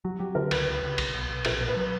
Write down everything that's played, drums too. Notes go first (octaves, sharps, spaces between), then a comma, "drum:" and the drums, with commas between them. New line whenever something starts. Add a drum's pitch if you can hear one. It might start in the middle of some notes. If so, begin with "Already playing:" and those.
F#3 F#4
F#3 G4
D3 A#4
C#2 B4, drum: cymbal
C#2
C#2
B1, drum: cymbal
B1
B1
A#1 A#4, drum: cymbal
A#2
B4
F#3